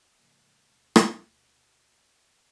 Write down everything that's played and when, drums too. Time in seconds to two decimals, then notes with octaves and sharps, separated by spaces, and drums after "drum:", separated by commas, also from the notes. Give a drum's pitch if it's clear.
0.15 F#2 A2 C#3 F3 G#3 A#3
0.60 D2 B2
0.96 drum: rim click